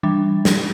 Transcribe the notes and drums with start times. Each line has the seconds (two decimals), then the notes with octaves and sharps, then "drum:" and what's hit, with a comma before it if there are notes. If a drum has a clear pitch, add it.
0.03 E3 G3 D4
0.45 drum: snare